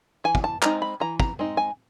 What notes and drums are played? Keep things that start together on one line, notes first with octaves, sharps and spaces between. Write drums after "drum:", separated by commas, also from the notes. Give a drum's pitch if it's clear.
E3 G#5
drum: kick
A5
G#3 C4 D#4 A#5, drum: clap
B5
E3 A#5
A#5, drum: kick
G#3 C4 D#4
G#5